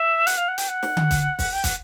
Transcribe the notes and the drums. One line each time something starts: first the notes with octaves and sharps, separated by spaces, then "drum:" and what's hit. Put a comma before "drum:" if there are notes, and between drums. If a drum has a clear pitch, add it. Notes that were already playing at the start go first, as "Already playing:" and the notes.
Already playing: E5
F#5, drum: hi-hat
F5
F#5
G5, drum: hi-hat
F#5
drum: snare
drum: tom D3
drum: kick, hi-hat
drum: kick, open hi-hat
G5
F#5, drum: kick, hi-hat